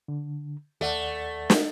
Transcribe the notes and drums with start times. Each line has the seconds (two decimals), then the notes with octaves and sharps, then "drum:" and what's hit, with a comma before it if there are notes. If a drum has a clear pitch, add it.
0.08 D3
0.81 D#2 A3 D5 F#5
1.50 drum: snare